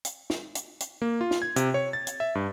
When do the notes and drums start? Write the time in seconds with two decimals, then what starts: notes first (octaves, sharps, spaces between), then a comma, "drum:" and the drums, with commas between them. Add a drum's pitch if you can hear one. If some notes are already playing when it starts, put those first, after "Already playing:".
0.05 drum: hi-hat
0.30 drum: snare
0.55 drum: hi-hat
0.80 drum: hi-hat
1.02 A#3
1.21 F4
1.31 drum: snare
1.42 G#6
1.56 C3, drum: hi-hat
1.74 C#5
1.93 A6
2.07 drum: hi-hat
2.20 E5
2.35 G2